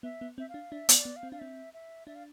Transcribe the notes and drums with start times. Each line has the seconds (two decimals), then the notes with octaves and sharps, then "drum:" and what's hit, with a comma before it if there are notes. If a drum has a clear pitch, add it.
0.03 B3 E5
0.21 B3
0.38 C4 E5
0.49 F5
0.54 D4
0.72 D4 E5
0.89 B3 C5, drum: hi-hat
0.94 D5
1.05 B3
1.16 F5
1.23 C4
1.32 D4 F5
1.39 C4 E5
1.74 E5
2.07 D4 E5
2.15 F5